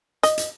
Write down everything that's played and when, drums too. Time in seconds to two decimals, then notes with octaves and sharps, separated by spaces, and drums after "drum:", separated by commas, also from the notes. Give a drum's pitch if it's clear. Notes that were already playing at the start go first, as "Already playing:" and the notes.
0.23 D#5, drum: hi-hat
0.38 drum: hi-hat